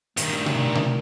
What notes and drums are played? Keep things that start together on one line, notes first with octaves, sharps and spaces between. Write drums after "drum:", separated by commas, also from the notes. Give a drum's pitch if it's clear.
G2 A#2 D#3 A3, drum: hi-hat
drum: tom B2
drum: tom B2